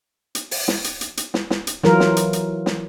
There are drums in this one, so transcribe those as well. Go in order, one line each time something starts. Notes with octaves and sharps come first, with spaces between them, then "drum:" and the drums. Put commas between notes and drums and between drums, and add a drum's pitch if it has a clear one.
drum: hi-hat
drum: open hi-hat
drum: snare
drum: hi-hat
drum: hi-hat
drum: hi-hat
drum: snare
drum: snare
drum: hi-hat
E3 F#3 F4 A#4, drum: snare
drum: snare
drum: hi-hat
drum: hi-hat
drum: snare